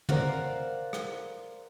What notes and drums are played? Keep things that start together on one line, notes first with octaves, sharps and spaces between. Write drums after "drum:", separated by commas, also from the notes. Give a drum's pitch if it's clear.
A#4 C5 D5 F5 F#5, drum: tom
drum: rim click